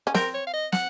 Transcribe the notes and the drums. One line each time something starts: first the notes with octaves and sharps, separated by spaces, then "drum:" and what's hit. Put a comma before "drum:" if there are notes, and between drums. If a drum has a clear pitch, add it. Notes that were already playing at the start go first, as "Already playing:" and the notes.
C#4
C4 A#4, drum: snare
C#5
F5
D#5
F#5, drum: snare